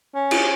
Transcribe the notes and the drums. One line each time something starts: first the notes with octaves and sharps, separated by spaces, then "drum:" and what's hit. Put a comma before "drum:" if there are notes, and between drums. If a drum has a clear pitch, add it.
C#4
drum: cymbal